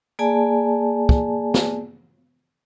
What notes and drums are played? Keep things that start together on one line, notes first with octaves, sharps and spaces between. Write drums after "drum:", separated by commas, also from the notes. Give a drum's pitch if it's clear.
A#3 G#4 D5 G#5 A5
drum: kick
drum: snare